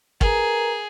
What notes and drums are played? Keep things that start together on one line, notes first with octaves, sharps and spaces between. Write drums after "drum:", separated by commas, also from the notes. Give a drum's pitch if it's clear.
G#4 A#4 B4 A#5, drum: kick